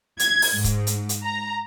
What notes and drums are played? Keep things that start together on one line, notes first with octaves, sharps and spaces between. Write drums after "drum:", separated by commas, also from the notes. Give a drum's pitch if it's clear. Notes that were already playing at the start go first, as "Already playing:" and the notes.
G#6, drum: hi-hat
drum: open hi-hat
G#2
drum: kick, hi-hat
drum: hi-hat
drum: hi-hat
A#5